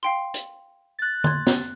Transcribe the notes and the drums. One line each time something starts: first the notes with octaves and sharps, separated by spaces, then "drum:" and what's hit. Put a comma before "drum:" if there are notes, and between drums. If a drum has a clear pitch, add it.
F5 G5 C6
drum: hi-hat
F#6 A6
C6 G#6, drum: tom D3
drum: snare